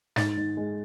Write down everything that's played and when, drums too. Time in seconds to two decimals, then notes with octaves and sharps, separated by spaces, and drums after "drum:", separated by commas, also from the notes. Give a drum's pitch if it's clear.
0.16 G#2 A6, drum: snare
0.37 G#2
0.57 G#3